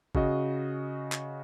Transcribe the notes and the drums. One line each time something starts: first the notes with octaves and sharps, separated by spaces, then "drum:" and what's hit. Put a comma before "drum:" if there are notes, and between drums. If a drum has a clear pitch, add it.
C#3 F#4 D#5, drum: kick
drum: clap